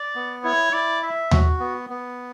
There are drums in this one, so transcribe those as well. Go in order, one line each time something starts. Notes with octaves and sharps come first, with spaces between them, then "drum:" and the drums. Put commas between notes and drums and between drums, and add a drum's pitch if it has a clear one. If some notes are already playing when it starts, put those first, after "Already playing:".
Already playing: D5
B3
E4 C#5
E4 D5
E5
F#4, drum: tom D#2
B3
B3